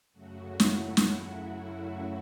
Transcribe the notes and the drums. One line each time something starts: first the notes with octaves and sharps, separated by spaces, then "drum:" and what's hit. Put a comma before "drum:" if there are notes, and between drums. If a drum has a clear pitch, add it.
F#2 C#3 F#3 A3 F#4
E4, drum: snare
drum: snare